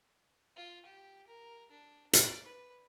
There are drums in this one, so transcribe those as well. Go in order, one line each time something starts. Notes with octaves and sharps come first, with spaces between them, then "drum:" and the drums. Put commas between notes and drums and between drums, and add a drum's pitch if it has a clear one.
F4
G4
A#4
D4
D5, drum: hi-hat
B4